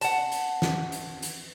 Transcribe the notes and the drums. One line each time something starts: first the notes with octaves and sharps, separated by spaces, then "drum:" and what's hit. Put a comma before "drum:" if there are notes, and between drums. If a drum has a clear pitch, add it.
F#5 A5, drum: hi-hat
drum: hi-hat
drum: snare
drum: hi-hat
drum: hi-hat